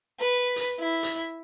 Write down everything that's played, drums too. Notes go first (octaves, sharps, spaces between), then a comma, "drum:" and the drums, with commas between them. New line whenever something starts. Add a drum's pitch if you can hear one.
B4
drum: hi-hat
E4
drum: hi-hat